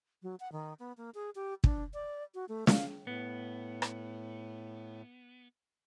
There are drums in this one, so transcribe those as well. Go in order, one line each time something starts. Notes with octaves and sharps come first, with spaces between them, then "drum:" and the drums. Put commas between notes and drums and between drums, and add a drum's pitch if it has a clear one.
F#3
F#5
D#3
B3
A#3
G#4
G4
D4, drum: kick
D5
F#4
A3
F5, drum: snare
A2 B3
drum: rim click